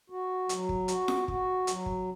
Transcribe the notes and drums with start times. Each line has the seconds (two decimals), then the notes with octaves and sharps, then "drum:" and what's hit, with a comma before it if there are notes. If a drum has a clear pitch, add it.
0.10 F#4
0.49 F#3, drum: hi-hat
0.69 drum: kick
0.88 F#4, drum: hi-hat
1.08 drum: snare
1.28 F#4, drum: kick
1.67 F#3, drum: hi-hat
1.86 drum: kick